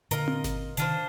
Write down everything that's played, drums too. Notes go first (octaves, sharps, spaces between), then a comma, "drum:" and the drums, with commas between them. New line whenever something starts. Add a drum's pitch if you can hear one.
A#2 D3 F4 A#4 D#5, drum: hi-hat
drum: tom C4
drum: snare G1
C3 D#3 D4 F4 C5, drum: hi-hat